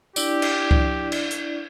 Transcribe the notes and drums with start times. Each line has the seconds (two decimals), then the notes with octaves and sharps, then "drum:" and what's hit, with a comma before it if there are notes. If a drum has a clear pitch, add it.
0.16 D4 E4 G4 D5, drum: tambourine
0.42 drum: cymbal
0.71 drum: kick C#2
1.12 drum: cymbal
1.31 drum: hi-hat